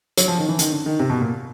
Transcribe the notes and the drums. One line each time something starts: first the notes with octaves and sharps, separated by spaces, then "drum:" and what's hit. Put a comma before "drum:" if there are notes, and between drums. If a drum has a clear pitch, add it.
F#3, drum: hi-hat
F3
D#3
E3
D#3, drum: hi-hat
D3
D#3
C3
B2
A#2